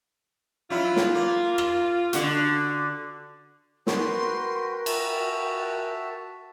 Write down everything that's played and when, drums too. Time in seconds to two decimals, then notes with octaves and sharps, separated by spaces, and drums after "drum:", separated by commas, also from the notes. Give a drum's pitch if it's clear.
0.70 F#3 E4 F4
0.96 drum: snare
1.15 A#3
1.58 drum: rim click
2.13 D3 F#4, drum: hi-hat
3.87 F#4 A#4 B4 G5 C6, drum: snare
4.86 F#4 E5 G5 A5, drum: cymbal